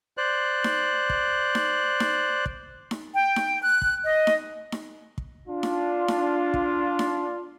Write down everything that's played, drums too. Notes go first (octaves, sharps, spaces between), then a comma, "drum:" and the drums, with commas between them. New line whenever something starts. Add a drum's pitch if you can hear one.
C5 D5 F#6
drum: snare D#4
drum: kick
drum: snare D#4
drum: snare D#4
drum: kick
drum: snare D#4
G5
drum: snare D#4
F#6
drum: kick
D#5
drum: snare D#4
drum: snare D#4
drum: kick
D4 F4
drum: snare D#4
drum: snare D#4
drum: kick
drum: snare D#4